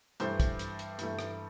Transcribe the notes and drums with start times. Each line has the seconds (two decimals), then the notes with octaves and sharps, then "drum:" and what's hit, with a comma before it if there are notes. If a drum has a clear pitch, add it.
0.20 G2 E3 A3 C5, drum: hi-hat
0.40 drum: kick, hi-hat
0.59 drum: hi-hat
0.79 drum: hi-hat
0.99 G2 E3 A3, drum: hi-hat
1.19 drum: rim click